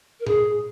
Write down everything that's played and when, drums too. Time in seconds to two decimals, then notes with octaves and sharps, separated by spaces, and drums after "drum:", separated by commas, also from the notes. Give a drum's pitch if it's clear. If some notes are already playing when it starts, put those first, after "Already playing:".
0.20 A#4
0.27 G#4, drum: tom A#2